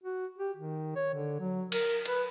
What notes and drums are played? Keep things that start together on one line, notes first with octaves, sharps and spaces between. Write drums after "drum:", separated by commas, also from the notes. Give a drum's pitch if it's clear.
F#4
G4
D#3
C#5
D3
F#3
A#4, drum: cymbal
B4, drum: hi-hat